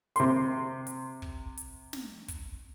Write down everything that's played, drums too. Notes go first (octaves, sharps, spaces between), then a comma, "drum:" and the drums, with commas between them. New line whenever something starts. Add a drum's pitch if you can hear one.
C3 C6, drum: hi-hat
drum: hi-hat
drum: kick
drum: hi-hat
drum: snare
drum: kick, hi-hat